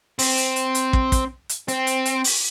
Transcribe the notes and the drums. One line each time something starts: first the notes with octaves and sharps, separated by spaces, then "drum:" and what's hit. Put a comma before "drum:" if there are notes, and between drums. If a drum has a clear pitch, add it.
C4, drum: open hi-hat
drum: hi-hat
drum: hi-hat
drum: hi-hat
drum: kick
drum: kick, hi-hat
drum: hi-hat
C4, drum: hi-hat
drum: hi-hat
drum: hi-hat
drum: open hi-hat